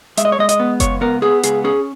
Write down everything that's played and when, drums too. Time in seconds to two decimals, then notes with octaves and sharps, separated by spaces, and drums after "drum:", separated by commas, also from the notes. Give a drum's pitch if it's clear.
0.17 G#3 E5, drum: hi-hat
0.25 D#5
0.32 C#5
0.39 G#3 D#5
0.49 D#5, drum: hi-hat
0.60 B3
0.80 C#2 C#5, drum: kick F#1, hi-hat
1.01 B3 A#4
1.22 B3 G#4
1.43 C#2 G#4, drum: hi-hat
1.64 C#4 G#4